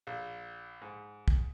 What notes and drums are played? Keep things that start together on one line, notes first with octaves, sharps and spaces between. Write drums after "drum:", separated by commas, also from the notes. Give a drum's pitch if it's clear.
A#1
G#2
drum: kick